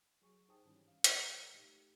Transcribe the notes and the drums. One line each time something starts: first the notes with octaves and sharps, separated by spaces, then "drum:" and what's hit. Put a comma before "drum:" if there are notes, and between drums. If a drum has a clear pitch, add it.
F#3 G#4 C#6
D#4 G#4 C5 G5 A5 D#6
G#2 D#3 E3 G3 C#4 D4
F5
E3 G3 E6, drum: hi-hat
A#2 A3 D#4 G4